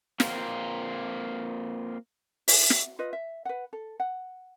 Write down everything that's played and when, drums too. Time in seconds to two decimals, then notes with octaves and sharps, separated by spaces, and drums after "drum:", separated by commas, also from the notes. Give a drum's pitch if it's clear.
0.20 A#3 C4 F4 A#4, drum: snare
2.48 E5, drum: open hi-hat
2.70 drum: snare
2.99 F4 B4 D#5
3.13 E5
3.45 B4 F#5
3.73 A4
4.00 F#5